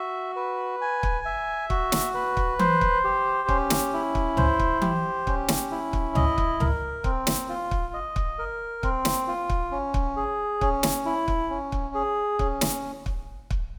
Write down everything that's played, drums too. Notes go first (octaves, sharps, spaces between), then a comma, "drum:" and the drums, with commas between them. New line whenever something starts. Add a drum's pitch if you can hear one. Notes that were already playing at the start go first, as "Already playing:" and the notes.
Already playing: F#4 E5
B4
G#5
drum: kick
E5
F#4, drum: kick
drum: snare
B4
drum: kick
C5, drum: tom E3
drum: kick
G4
C#4, drum: kick
drum: snare
E4
drum: kick
C5, drum: tom C#2
drum: kick
G4, drum: tom E3
C#4, drum: kick
drum: snare
E4
drum: kick
D#5, drum: tom C#2
drum: kick
A#4, drum: tom C#2
C4, drum: kick
drum: snare
F4
drum: kick
D#5
drum: kick
A#4
C4, drum: kick
drum: snare
F4
drum: kick
C#4
drum: kick
G#4
C#4, drum: kick
drum: snare
E4
drum: kick
C#4
drum: kick
G#4
C#4, drum: kick
drum: snare
drum: kick
drum: kick